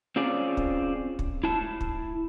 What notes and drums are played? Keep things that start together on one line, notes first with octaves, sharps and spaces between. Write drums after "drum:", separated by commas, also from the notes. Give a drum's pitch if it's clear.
C4 C#4 F4 G#4 D5
drum: kick
drum: kick
E4 A5
drum: kick